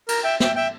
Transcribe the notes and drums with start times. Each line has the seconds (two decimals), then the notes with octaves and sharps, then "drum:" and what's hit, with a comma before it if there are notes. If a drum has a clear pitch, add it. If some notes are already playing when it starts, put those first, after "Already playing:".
0.08 A#4, drum: cymbal
0.24 E5 G5
0.40 E5 G5, drum: snare
0.55 E5 G5